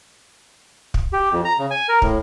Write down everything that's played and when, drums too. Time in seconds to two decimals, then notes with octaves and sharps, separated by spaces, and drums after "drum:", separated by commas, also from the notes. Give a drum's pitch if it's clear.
0.94 drum: kick
1.13 G4
1.32 F2
1.45 A#5
1.59 C#3
1.71 G#5
1.89 A#4
2.02 A2, drum: kick